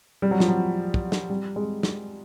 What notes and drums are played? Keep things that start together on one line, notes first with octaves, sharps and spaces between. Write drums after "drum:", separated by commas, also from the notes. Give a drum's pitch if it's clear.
G3
F#3
F3, drum: snare
F#3
drum: kick
drum: snare
G3
G#3
drum: snare